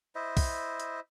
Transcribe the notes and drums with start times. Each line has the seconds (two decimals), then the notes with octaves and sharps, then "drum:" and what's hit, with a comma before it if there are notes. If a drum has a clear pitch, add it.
0.15 E4 C5 D#5 E5
0.37 drum: kick, open hi-hat
0.80 drum: hi-hat